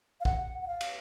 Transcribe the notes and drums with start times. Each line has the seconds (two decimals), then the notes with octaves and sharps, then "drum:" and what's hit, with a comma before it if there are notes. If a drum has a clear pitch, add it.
0.21 F5
0.25 F#5, drum: kick A#1
0.62 F#5
0.67 F5
0.81 drum: cymbal